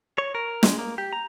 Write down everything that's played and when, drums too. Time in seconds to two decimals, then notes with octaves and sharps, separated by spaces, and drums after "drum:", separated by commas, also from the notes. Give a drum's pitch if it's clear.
0.18 C#5
0.35 A#4
0.63 G#3, drum: snare
0.79 A#3
0.98 G4
1.13 A#5